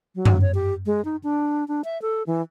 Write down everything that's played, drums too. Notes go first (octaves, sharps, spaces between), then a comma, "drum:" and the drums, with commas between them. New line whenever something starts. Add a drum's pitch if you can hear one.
F#3
drum: tom F#2
C#5
G4
G#3
D#4
D4
D4
E5
A4
E3